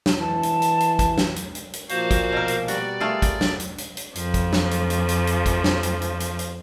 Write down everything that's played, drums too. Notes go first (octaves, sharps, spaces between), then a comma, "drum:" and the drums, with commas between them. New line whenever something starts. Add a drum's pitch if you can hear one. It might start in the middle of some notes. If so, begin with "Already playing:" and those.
drum: snare
E3 A5
drum: hi-hat
drum: hi-hat
drum: hi-hat
drum: kick, hi-hat
drum: snare
drum: hi-hat
drum: hi-hat
drum: hi-hat
A#2 F3 A#3 F#4 C5 F5, drum: hi-hat
drum: kick, hi-hat
B2 A#4
drum: hi-hat
G3 F#4 D5, drum: hi-hat
A3 F4 G#4 A#4
drum: kick, hi-hat
drum: snare
drum: hi-hat
drum: hi-hat
drum: hi-hat
F2 F3, drum: hi-hat
drum: kick, hi-hat
drum: snare
drum: hi-hat
drum: hi-hat
drum: hi-hat
drum: hi-hat
drum: kick, hi-hat
drum: snare
drum: hi-hat
drum: hi-hat
drum: hi-hat
drum: hi-hat